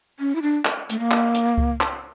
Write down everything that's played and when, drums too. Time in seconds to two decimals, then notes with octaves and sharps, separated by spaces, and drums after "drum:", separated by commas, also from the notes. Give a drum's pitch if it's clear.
0.20 C#4
0.35 E4
0.42 D4
0.65 drum: clap
0.90 A3, drum: hi-hat
0.99 A#3
1.11 drum: clap
1.34 drum: hi-hat
1.58 drum: kick C#2
1.81 drum: clap